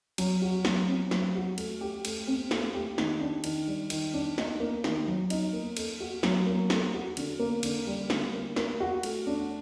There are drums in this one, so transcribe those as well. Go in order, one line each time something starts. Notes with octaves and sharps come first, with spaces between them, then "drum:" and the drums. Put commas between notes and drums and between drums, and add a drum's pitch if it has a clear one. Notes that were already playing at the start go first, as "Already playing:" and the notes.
F#3, drum: cymbal
F#4
F#3, drum: snare
C4
F#3, drum: snare
F#4
A3, drum: cymbal
G4
A3, drum: cymbal
C4
A3, drum: snare
G4
D#3, drum: snare
D4
D#3, drum: cymbal
G3
D#3, drum: cymbal
D4
D#4, drum: snare
A#3
D#3, drum: snare
F#3
D#4, drum: cymbal
A#3
A4, drum: cymbal
F#4
F#3, drum: snare
A#3
A4, drum: snare
F#4
D3, drum: cymbal
A#3
D3, drum: cymbal
G3
D3, drum: snare
A#3
A#4, drum: snare
F#4
A3, drum: cymbal
D4